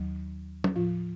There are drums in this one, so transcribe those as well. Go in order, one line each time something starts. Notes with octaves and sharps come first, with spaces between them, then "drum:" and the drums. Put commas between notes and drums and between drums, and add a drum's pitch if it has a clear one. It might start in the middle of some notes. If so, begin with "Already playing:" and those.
Already playing: D#2 D#3 F#3
drum: tom
A2 F3 F4